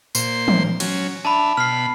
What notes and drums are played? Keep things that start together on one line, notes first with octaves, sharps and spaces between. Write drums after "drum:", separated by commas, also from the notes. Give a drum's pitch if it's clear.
A#2 C5 C6, drum: tambourine
drum: tom E3
F#3 C#4, drum: cymbal
D4 E5 A5 B5
B2 B5 F6 C7